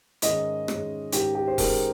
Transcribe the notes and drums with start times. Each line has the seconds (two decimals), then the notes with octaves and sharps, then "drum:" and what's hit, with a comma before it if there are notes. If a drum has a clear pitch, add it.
0.22 G#2 D#3 G#3 C#4 D#5, drum: hi-hat
0.68 G#2 D#3 G#3 C#4, drum: rim click
1.12 G#2 D#3 G#3 C#4 G4, drum: hi-hat
1.35 G4
1.48 C5
1.58 G#2 D#3 G#3 C#4 A#4, drum: kick E1, open hi-hat